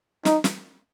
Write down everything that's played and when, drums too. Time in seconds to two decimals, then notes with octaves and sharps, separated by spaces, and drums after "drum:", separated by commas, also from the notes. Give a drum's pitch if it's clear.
0.25 D#4, drum: snare
0.44 drum: snare